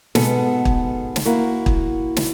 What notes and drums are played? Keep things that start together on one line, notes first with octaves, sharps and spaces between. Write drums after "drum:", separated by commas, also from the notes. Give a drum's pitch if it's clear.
G#2 B2 B3 G#4 A4, drum: snare
drum: kick
drum: snare
A#3 E4 F#4
drum: kick
drum: snare